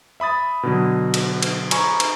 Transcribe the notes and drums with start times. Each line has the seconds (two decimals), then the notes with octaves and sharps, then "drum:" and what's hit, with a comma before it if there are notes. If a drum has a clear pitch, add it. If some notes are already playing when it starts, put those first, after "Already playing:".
0.20 E5 B5 D#6 A6
0.63 B2 D3 F#3
1.14 drum: cymbal
1.43 drum: cymbal
1.71 G#5 A#5 B5 C#6, drum: cymbal
2.00 drum: cymbal